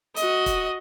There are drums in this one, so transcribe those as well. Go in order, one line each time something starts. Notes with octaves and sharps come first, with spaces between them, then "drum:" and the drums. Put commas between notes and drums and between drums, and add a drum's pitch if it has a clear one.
F#4 D#5, drum: hi-hat
drum: kick, hi-hat